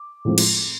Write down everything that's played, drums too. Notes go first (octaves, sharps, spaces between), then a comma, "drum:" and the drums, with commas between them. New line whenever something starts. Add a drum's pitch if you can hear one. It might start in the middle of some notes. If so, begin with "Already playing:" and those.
Already playing: D6
A2 F3 G#3 C4
drum: cymbal